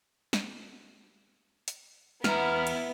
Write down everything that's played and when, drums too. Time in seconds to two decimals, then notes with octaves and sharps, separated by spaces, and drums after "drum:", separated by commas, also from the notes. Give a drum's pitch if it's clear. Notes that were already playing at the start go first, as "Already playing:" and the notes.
0.33 drum: snare
1.68 drum: hi-hat
2.24 E2 B3 E4 A#5 F6, drum: snare
2.67 drum: cymbal